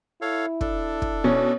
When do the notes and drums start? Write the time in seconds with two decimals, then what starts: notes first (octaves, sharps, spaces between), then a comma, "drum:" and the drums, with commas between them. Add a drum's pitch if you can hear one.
0.22 E4 A4 C#5 F5
0.61 D4 A4, drum: kick
1.02 drum: kick
1.24 B2 C#4